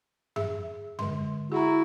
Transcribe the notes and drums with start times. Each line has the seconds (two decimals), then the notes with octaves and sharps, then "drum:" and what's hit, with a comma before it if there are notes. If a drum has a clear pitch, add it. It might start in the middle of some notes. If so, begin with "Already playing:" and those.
0.36 G#4 E5, drum: tom F#2
0.99 D3 G#3 C6, drum: tom F#2
1.52 E4 F#4 G#4 A#5